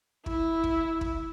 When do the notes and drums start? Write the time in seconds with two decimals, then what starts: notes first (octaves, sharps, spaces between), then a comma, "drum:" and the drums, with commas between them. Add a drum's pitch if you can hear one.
0.26 E4, drum: kick
0.64 drum: kick
1.01 drum: kick